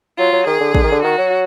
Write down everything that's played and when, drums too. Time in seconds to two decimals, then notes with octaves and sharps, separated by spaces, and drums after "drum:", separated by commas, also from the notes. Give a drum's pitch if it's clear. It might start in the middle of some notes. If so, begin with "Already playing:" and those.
0.18 F#3 F4
0.33 F#3
0.47 D#3 G#4
0.60 D3
0.75 D3, drum: kick
0.84 D#3
0.92 D3
1.04 D#3 F#4
1.18 F#3